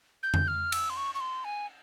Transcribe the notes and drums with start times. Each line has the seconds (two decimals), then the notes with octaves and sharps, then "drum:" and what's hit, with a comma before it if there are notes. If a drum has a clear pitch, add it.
0.23 G6
0.34 drum: tom F2
0.48 F6
0.72 E6, drum: cymbal
0.90 C6
0.97 C#6
1.15 C#6
1.20 C6
1.44 G#5